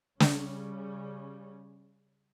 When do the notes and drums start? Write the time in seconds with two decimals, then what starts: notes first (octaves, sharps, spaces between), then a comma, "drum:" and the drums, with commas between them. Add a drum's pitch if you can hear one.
0.20 C#3 G3 C#4, drum: snare